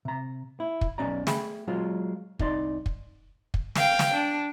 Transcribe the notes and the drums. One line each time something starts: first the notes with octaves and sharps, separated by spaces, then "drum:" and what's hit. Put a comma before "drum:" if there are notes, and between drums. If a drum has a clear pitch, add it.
C3 A#5
E4
drum: kick
B1 C#3 C#4 D5 A#5
A3 G#4 G5 B5, drum: snare
F#3 G#3 F4
C2 D#4 D5 C6, drum: kick
drum: kick
drum: kick
F5 G5, drum: snare
drum: snare
D4